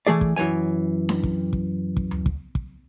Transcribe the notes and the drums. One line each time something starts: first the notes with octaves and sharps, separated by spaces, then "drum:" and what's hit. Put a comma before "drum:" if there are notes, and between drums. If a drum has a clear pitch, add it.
E3 A3 G#4 D5
drum: kick
F#2 E3 F#3 C#5 G#5
drum: snare D4
drum: kick
drum: kick
drum: kick
drum: tom D2
drum: kick
drum: kick